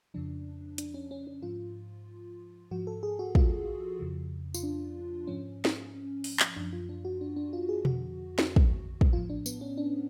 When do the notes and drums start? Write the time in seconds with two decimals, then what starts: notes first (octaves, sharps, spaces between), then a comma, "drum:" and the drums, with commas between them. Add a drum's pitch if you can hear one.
0.14 F2 C#3 F3 D4
0.78 D4, drum: hi-hat
0.94 C#4
1.11 C#4
1.27 C#4
1.42 G#2 F3 F4
2.71 G#2 F3 F#4
2.87 A4
3.03 G#4
3.19 F#4
3.35 F4, drum: kick
4.00 F2 C#3 F3
4.54 F4, drum: tambourine
4.63 D4
5.27 G#2 F3 C#4
5.65 drum: snare
6.24 drum: open hi-hat
6.40 drum: clap
6.56 F#2 F3 D4
6.73 F4
6.89 D4
7.05 F#4
7.21 D4
7.36 D4
7.53 F4
7.69 G#4
7.85 F2 D3 F3 F#4, drum: tom B2
8.39 drum: snare
8.56 drum: kick
9.01 drum: kick
9.13 A2 F3 F4
9.29 D4
9.46 B3, drum: tambourine
9.61 C#4
9.77 D4